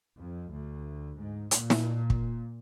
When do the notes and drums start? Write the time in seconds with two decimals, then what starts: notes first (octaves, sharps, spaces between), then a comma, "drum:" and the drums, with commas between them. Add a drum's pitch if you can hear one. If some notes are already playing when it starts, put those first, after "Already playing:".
0.16 F2
0.52 D2
1.18 G#2
1.51 A#2, drum: hi-hat
1.70 drum: snare
2.10 drum: kick